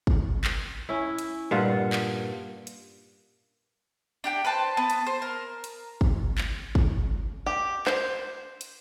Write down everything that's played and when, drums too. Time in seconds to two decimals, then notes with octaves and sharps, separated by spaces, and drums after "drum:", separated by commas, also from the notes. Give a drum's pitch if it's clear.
0.07 drum: kick
0.44 drum: clap
0.89 C#4 E4
1.18 drum: hi-hat
1.51 G2 A#2 F4 F#5
1.93 drum: clap
2.67 drum: hi-hat
4.24 D4 G4 G5
4.45 B4 C5 A5
4.77 B3 A5
4.90 drum: hi-hat
5.07 C5
5.22 A#4
5.64 drum: hi-hat
6.01 drum: kick
6.38 drum: clap
6.75 drum: kick
7.46 G4
7.87 C5, drum: clap
8.61 drum: hi-hat